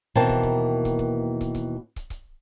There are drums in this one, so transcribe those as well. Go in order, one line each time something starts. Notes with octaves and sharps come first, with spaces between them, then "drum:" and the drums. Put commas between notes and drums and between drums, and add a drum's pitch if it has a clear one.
D#2 B2 E3 A#3 C4 A5
drum: kick
drum: kick
drum: kick, hi-hat
drum: kick
drum: kick, hi-hat
drum: kick, hi-hat
drum: kick, hi-hat
drum: kick, hi-hat